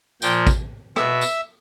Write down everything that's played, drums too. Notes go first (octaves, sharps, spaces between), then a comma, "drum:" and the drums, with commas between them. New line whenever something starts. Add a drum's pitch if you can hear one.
A#2 F3 G5, drum: tambourine
drum: kick, tambourine
B2 E5, drum: rim click
drum: tambourine